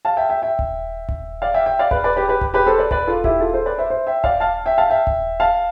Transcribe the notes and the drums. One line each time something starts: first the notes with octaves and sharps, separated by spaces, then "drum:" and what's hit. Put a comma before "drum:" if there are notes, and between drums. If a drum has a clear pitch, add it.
F5 A5
E5 G5
E5 G5
E5 G5
drum: kick D#1
drum: kick D#1
D5 F5
E5 G5
E5 G5
D5 F5
B4 D5, drum: kick D#1
B4 D5
G4 B4
G4 B4
drum: kick D#1
G4 B4
A4 C5
B4 D5
B4 D5, drum: kick D#1
F4 A4
E4 G4, drum: kick D#1
F4 A4
A4 C5
B4 D5
C5 E5
C5 E5
E5 G5
D5 F5, drum: kick D#1
F5 A5
E5 G5
F5 A5
E5 G5
drum: kick D#1
F5 A5